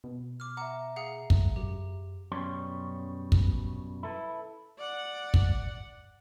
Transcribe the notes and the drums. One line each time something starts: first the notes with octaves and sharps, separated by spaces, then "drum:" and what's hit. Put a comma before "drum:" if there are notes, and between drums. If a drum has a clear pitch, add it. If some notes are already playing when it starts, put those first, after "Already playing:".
B2
D6 F6
E5 F#5 A#5 D6
G#4 F5 F#5
drum: kick
F#2 G4
F#2 B2 G3 C#4 C#5 C6
drum: kick
E4 A4 B4
D5 F#5
drum: kick